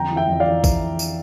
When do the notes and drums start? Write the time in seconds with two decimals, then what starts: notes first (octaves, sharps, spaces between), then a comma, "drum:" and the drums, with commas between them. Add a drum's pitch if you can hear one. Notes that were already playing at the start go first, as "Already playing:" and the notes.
Already playing: F2 D3 G5 A#5
0.11 E3
0.16 E5 G5
0.28 F2
0.40 D5 F5
0.46 E3
0.64 drum: kick A#1, tambourine
0.99 drum: tambourine